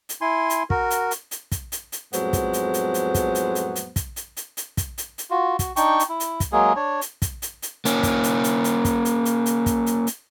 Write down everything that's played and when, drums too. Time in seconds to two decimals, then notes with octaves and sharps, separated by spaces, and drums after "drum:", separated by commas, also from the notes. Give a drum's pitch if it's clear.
0.09 drum: hi-hat
0.21 E4 G#5 C6
0.50 drum: hi-hat
0.70 F#4 A#4, drum: kick
0.90 drum: hi-hat
1.11 drum: hi-hat
1.31 drum: hi-hat
1.52 drum: kick, hi-hat
1.72 drum: hi-hat
1.92 drum: hi-hat
2.13 F2 A2 F#3 G#3 B3 C5, drum: hi-hat
2.33 drum: kick, hi-hat
2.53 drum: hi-hat
2.74 drum: hi-hat
2.94 drum: hi-hat
3.14 drum: kick, hi-hat
3.35 drum: hi-hat
3.55 drum: hi-hat
3.76 drum: hi-hat
3.96 drum: kick, hi-hat
4.16 drum: hi-hat
4.37 drum: hi-hat
4.57 drum: hi-hat
4.77 drum: kick, hi-hat
4.98 drum: hi-hat
5.18 drum: hi-hat
5.30 F4 F#4
5.59 F#4, drum: kick, hi-hat
5.76 D4 D#4 G5 C#6, drum: hi-hat
6.00 drum: hi-hat
6.09 E4
6.20 drum: hi-hat
6.40 drum: kick, hi-hat
6.52 F#3 G#3 A#3 G#4
6.76 D4 C#5
7.01 drum: hi-hat
7.22 drum: kick, hi-hat
7.42 drum: hi-hat
7.62 drum: hi-hat
7.85 A#3 C#4, drum: hi-hat
8.03 drum: kick, hi-hat
8.24 drum: hi-hat
8.44 drum: hi-hat
8.64 drum: hi-hat
8.85 drum: kick, hi-hat
9.05 drum: hi-hat
9.25 drum: hi-hat
9.46 drum: hi-hat
9.66 drum: kick, hi-hat
9.86 drum: hi-hat
10.07 drum: hi-hat